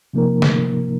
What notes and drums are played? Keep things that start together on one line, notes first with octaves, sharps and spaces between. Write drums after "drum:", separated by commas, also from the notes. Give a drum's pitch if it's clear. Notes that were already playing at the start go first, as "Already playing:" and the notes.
C3 F3 A#3 D#4 A#4
drum: snare